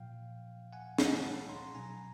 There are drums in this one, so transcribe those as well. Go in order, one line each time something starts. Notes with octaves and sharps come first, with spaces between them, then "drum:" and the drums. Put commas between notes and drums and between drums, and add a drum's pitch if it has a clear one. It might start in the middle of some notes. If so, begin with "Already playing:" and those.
Already playing: A#2 F3 F5 G5
F#5 G#5
F#5 G#5, drum: snare
A5 B5
A#5 C6
B2 F#3 G#5 A#5